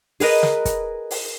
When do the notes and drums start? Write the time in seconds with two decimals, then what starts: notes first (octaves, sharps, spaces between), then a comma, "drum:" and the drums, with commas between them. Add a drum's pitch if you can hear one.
0.20 G#4 A#4 B4 D#5, drum: open hi-hat
0.43 drum: snare
0.65 drum: kick, hi-hat
1.11 drum: open hi-hat